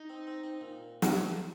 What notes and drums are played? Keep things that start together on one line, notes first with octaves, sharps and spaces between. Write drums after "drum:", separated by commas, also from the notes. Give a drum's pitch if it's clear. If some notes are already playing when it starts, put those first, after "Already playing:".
Already playing: D#4
C4
C4
C4
A#2
drum: snare